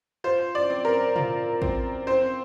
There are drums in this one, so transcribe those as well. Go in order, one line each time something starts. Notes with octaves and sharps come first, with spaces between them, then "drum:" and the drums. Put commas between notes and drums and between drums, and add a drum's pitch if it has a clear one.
F4 C5
D5
C4
A#4
F4, drum: tom
C4, drum: kick
C4 C5